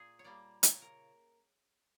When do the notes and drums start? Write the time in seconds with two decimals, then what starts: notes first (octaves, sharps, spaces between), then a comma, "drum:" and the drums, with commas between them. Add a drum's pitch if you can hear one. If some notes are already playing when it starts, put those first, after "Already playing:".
Already playing: A#2 G#4
0.19 C#5
0.24 G3 A#3 D5
0.63 C#3 C#5, drum: hi-hat
0.82 A#4